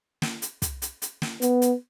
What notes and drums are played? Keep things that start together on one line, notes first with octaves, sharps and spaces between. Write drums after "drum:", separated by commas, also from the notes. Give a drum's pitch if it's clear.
drum: snare
drum: hi-hat
drum: kick, hi-hat
drum: hi-hat
drum: hi-hat
drum: snare
B3, drum: hi-hat
drum: hi-hat